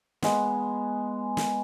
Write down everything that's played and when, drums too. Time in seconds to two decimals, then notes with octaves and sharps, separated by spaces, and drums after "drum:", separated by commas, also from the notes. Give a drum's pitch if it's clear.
0.22 G#3 B3, drum: snare
1.37 drum: snare